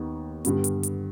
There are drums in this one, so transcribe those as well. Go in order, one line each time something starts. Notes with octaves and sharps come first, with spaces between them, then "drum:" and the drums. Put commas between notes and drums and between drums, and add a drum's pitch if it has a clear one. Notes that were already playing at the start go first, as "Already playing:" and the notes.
Already playing: D#2 D#3 B3 G4
G2 D3 G3 B3, drum: hi-hat
drum: hi-hat
drum: hi-hat